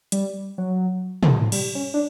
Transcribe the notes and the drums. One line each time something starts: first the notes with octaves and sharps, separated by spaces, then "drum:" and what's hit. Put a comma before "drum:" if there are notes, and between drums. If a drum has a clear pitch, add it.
G3, drum: hi-hat
F#3
drum: tom
G3, drum: cymbal
C#4
D4